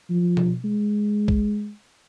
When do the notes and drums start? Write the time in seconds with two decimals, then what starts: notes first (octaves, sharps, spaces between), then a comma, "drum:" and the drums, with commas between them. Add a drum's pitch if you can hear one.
0.10 F3
0.37 drum: tom B2
0.64 G#3
1.28 drum: kick